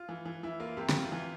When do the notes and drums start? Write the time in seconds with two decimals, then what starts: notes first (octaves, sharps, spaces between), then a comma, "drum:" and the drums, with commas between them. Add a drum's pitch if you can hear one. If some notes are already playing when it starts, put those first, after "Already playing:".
Already playing: F4
0.09 E3
0.25 E3
0.43 E3 E4
0.60 A#3 F4
0.77 C3 G4
0.89 G4, drum: snare
0.95 C3 F4
1.12 E3 F4